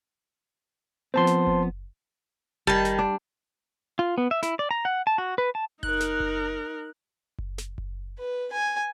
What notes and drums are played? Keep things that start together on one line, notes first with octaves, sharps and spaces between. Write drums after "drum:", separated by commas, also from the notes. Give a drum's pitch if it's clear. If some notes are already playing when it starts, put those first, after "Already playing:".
F3 B3 C4 C5 A5 C6
drum: snare
drum: kick F#1
D#3 G3 A5, drum: kick F#1
drum: snare
D4
F4
B3
E5
E4, drum: snare
D5
A#5
F#5
A5
F#4
B4
A5
D#4 A#4 F#6, drum: kick F#1
drum: snare
drum: kick F#1
drum: kick F#1
drum: snare
drum: kick F#1
B4
G#5